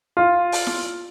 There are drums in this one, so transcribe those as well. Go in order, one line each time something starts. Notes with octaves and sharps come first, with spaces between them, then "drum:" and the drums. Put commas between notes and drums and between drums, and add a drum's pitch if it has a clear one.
F4
drum: open hi-hat
drum: snare E4